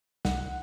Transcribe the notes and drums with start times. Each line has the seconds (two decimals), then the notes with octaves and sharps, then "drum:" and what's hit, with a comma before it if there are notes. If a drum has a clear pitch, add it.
0.25 C2 F#5, drum: snare